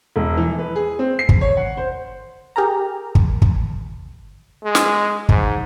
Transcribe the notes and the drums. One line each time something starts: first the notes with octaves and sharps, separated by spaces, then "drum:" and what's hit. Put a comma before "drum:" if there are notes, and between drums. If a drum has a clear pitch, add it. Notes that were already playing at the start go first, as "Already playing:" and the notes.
E1
E3
B4
G#4
C4
C7
drum: kick
C#5
F#5
C5
G4 G#4 A#4 A#5
drum: kick
drum: kick
G#3
drum: snare
G#2, drum: kick